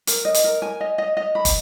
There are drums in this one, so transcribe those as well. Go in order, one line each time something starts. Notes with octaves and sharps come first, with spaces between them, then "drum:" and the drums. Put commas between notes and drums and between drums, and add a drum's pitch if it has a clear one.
A#4, drum: hi-hat
D#5
drum: hi-hat
A#4
G#5
D#5
D#5
D#5
B5
drum: kick, hi-hat